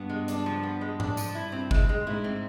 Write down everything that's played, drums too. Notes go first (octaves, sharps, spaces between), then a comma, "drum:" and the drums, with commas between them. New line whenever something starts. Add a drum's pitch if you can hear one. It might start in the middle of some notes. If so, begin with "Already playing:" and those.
Already playing: G2 B3
G#3
D4, drum: hi-hat
F3
B3
G#3
D4, drum: tom G#2
F3, drum: tambourine
G2 E4
C4
G#3, drum: kick G1
G#3
G#2 E4
C4